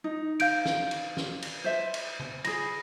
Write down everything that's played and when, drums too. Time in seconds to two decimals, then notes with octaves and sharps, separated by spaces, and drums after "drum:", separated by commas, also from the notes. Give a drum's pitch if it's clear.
0.04 D#4
0.40 F5 G6 D7, drum: cymbal
0.65 drum: snare
0.91 drum: cymbal
1.17 drum: snare
1.42 drum: cymbal
1.64 C5 E5
1.94 drum: cymbal
2.19 drum: tom C#3
2.45 G#4 B5 A#6, drum: cymbal